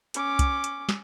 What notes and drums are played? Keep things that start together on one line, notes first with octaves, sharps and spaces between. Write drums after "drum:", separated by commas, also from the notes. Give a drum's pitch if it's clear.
C#4 D6, drum: hi-hat
drum: kick, hi-hat
drum: hi-hat
drum: snare